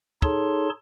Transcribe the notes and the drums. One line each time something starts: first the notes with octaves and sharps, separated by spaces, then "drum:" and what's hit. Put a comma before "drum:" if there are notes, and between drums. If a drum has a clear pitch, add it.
D#4 G#4 A4 C#5 A5 C6, drum: kick